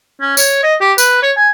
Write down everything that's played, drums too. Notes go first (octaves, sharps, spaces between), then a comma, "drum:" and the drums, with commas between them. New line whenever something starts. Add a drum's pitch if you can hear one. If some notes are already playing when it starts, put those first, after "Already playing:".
C#4
C#5, drum: tambourine
D#5
G4
B4, drum: tambourine
C#5
G#5